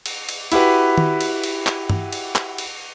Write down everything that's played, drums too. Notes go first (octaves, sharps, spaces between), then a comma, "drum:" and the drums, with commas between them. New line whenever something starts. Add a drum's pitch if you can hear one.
drum: cymbal
drum: cymbal
E4 F#4 G4 B4, drum: cymbal
drum: tom D#3
drum: cymbal
drum: cymbal
drum: clap
drum: tom G2
drum: cymbal
drum: clap
drum: cymbal